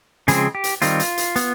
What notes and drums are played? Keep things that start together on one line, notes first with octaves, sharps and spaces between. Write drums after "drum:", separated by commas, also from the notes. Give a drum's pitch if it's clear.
C#3 F3 G#3 C4 G#4, drum: hi-hat
G4
drum: hi-hat
D#3 G3 C4 F4, drum: hi-hat
drum: hi-hat
drum: hi-hat
B3, drum: hi-hat